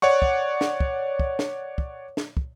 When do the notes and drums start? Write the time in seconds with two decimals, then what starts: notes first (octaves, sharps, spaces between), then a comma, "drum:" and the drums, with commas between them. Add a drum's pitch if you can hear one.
0.02 C#5 D5 F#5 C#6
0.22 drum: kick
0.61 drum: snare
0.80 drum: kick
1.19 drum: kick
1.39 drum: snare
1.78 drum: kick
2.17 drum: snare
2.37 drum: kick